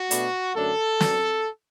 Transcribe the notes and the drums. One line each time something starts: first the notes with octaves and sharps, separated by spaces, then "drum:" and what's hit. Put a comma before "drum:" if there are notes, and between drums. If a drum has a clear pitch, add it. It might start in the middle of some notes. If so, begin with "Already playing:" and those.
Already playing: F#4
B2 A3 D4, drum: hi-hat
F#2 D3 A3 D4 A4
F#2 F#3 B3 D4, drum: snare